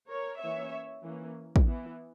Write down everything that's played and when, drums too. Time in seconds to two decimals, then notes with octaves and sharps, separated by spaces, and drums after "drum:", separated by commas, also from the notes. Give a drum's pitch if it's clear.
0.09 A#4 C#5
0.40 E3 A#3 C#4 C#5 E5
1.03 E3 A#3 C#4
1.56 drum: kick
1.66 E3 B3